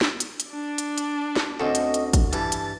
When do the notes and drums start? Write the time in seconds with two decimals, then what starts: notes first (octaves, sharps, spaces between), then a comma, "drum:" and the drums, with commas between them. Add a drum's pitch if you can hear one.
0.01 drum: snare
0.20 drum: hi-hat
0.40 drum: hi-hat
0.50 D4 D5
0.78 drum: hi-hat
0.98 drum: hi-hat
1.36 drum: snare
1.60 D2 C4 C#4 A4 D#5
1.75 drum: hi-hat
1.94 drum: hi-hat
2.13 drum: kick, hi-hat
2.33 G2 E3 G3 A5 A6, drum: hi-hat
2.52 drum: hi-hat